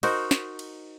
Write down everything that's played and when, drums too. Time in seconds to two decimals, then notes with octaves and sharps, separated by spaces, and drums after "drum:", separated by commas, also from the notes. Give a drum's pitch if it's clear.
0.03 D#4 F#4 A#4 C5, drum: cymbal
0.31 drum: snare
0.59 drum: cymbal